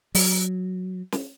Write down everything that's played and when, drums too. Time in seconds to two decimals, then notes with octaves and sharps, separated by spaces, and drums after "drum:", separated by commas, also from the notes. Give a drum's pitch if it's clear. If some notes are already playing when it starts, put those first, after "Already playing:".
0.15 F#3, drum: open hi-hat
1.12 drum: snare